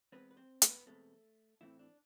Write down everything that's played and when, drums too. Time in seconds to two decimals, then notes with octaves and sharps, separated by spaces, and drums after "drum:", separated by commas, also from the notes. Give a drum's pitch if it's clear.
0.12 E2 B2 G#3 B3 C4 B4
0.31 B4
0.37 C4 C5
0.62 B3 B4, drum: hi-hat
0.86 E2 B2 G#3 A3 C4 A4
1.61 A2 E3 A3 C4 E4
1.79 D4